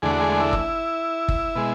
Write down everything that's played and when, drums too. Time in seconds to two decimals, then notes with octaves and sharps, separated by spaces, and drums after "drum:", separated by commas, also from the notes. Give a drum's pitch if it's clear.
0.02 E2 D3 A3 D4 G#4
0.11 F#4
0.20 G#3 G#4
0.40 E4
0.53 drum: kick
1.28 drum: kick
1.55 B2 G#3